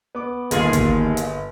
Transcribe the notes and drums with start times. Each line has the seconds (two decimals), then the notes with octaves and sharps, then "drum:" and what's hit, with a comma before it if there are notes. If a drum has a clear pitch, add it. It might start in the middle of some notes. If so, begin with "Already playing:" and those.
0.15 B3 D6
0.51 G1 D#2 A#3 F4 G#4, drum: hi-hat
0.73 drum: kick, hi-hat
1.17 drum: hi-hat